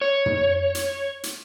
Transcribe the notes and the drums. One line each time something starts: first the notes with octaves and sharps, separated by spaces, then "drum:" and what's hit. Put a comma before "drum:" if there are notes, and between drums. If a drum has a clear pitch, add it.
C#5
drum: tom
drum: hi-hat
drum: hi-hat